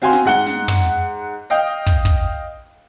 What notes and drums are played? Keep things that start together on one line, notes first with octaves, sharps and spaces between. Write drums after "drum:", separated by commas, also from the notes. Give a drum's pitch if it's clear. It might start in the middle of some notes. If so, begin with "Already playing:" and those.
C4 F#4 F5 G#5 C6
drum: snare
G#2 F#5 G7
drum: snare
drum: tom
D#5 F5 G5
drum: kick
drum: kick